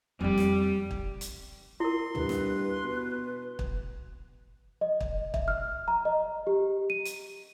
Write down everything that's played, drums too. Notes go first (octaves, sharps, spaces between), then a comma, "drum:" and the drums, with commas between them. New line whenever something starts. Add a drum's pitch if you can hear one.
F2 G3 D#4
drum: snare
drum: kick
drum: hi-hat
E4 A#4 C6
G2 B4, drum: tom
drum: snare
B2
drum: kick
D#5
drum: kick
E5, drum: kick
F6
A#5
D#5
G4
D#7
drum: hi-hat